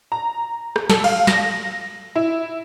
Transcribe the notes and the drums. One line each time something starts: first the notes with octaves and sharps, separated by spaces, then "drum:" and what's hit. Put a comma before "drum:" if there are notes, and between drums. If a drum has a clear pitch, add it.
A#5
drum: rim click
A4, drum: snare
F5, drum: cymbal
A#6, drum: snare
E4